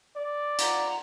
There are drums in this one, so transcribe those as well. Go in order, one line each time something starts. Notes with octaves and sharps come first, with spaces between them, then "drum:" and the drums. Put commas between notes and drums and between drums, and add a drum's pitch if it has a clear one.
D5
F4 F#5 A#5, drum: hi-hat